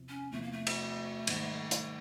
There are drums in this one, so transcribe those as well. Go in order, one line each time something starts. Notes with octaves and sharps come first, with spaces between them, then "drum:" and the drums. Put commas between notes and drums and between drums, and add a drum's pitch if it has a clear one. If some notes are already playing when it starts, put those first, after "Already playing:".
Already playing: E2 C3 F3
C#4
E2 C3 F3 A3
A#3
A3
drum: cymbal
G#2 D#3 G3 A#3, drum: cymbal
drum: hi-hat